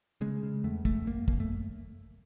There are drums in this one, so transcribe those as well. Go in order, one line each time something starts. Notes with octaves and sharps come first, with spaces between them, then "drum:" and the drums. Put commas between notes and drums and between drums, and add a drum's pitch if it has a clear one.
C#3 G#3
C#3
E2 A3
E2 A3, drum: kick
F#2 A#3
F#2 A#3, drum: kick
A3